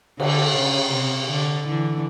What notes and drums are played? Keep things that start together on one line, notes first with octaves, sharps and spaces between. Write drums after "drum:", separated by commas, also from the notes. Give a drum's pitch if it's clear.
D3, drum: cymbal
C#3
C3
D3
D3 E3